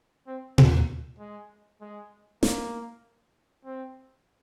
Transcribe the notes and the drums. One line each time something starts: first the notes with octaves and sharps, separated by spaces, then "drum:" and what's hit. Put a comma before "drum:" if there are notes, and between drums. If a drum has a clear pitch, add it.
C4
A#3, drum: tom A#2
G#3
G#3
A#3, drum: snare
C4